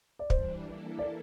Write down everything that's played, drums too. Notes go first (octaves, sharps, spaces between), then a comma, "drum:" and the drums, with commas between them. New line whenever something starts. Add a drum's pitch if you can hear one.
D5
E3 G3 D4 C5, drum: kick
E3 A#3 E4 A4
D5